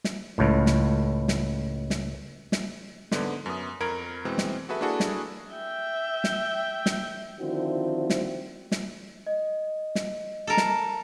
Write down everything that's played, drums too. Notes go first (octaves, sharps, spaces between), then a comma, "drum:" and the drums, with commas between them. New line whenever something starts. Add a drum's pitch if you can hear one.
drum: snare
C#2 A2
drum: snare
drum: snare
drum: snare
drum: snare
G#2 D3 B3, drum: snare
F#2 B3 D#6
F2 A#4 A#5 B5 G#6 D7
B2 E3 G#3 C4
drum: snare
F#4 G#4 A4 B4 E5
A#3 D4 E4 F#4 G#4 A4
drum: snare
E5 G5
drum: snare
drum: snare
D3 D#3 F3 C4 E4 F#4
drum: snare
drum: snare
D#5
drum: snare
A4 A#4
drum: snare